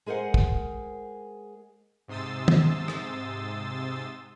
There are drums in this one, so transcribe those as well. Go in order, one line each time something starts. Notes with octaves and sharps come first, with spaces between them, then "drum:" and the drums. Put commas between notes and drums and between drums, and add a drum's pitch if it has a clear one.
G#3 G#4 A#4 C5 F#5
drum: kick
G#2 C3 C6 D#6 E6 A6
drum: tom
drum: rim click